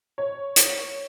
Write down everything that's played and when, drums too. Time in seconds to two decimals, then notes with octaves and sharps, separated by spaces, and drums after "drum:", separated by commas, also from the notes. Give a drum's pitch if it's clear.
0.18 C#5
0.56 drum: hi-hat